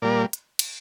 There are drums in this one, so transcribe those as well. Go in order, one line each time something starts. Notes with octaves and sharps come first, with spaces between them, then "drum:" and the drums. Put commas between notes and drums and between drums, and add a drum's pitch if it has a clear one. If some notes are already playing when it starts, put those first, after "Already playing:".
A#2 G3 A#3 A#4 D5
drum: hi-hat
drum: cymbal